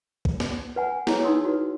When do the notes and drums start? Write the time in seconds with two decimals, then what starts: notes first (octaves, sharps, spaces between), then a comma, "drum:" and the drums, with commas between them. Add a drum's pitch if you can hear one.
0.25 drum: kick
0.40 drum: snare
0.76 B4 F#5 G#5
1.07 E4 G#4 B4 C#5, drum: snare
1.23 D4 D#4 B4 C6 D#6 E6
1.45 F#4 B4